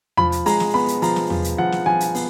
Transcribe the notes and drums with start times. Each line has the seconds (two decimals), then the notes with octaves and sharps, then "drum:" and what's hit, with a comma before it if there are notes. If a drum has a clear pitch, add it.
0.17 F3 B5, drum: tom E2
0.32 drum: hi-hat
0.46 G#3 A#5, drum: open hi-hat
0.60 drum: snare
0.74 B3 B5
0.88 drum: hi-hat
1.02 F3 A#5, drum: open hi-hat
1.16 drum: snare
1.30 F3, drum: tom E2
1.44 drum: hi-hat
1.58 F3 F#5
1.72 drum: snare
1.86 F3 G#5
2.00 drum: hi-hat
2.15 B3, drum: open hi-hat